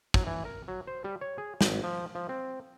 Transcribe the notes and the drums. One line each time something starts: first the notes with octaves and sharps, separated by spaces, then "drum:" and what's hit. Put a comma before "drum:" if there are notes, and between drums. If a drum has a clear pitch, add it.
F#3, drum: kick
E3
A#4
F#3
C5
G3
C#5
G#4
G#1, drum: snare
F3
F3
C4